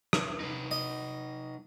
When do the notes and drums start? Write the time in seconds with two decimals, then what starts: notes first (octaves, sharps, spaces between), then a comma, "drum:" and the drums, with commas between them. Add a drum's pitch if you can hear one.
0.13 drum: rim click
0.40 D#4 B4
0.71 D#5